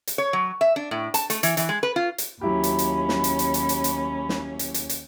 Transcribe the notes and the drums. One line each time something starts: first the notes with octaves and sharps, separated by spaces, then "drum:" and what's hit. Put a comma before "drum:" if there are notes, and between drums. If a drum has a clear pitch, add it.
drum: hi-hat
C#5
F#3
E5
D4
A2
A5, drum: hi-hat
A3, drum: hi-hat
E3, drum: hi-hat
E3, drum: hi-hat
G#3
B4
F4
drum: hi-hat
D#2 F#3 C#4 E4 G4 B5
drum: hi-hat
drum: hi-hat
drum: snare
drum: hi-hat
drum: hi-hat
drum: hi-hat
drum: hi-hat
drum: hi-hat
drum: snare
drum: hi-hat
drum: hi-hat
drum: hi-hat